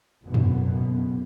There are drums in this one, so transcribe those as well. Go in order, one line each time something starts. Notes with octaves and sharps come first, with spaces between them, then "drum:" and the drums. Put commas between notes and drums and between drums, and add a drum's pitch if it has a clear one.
F#1 B1 F#2 B2 B3
drum: tom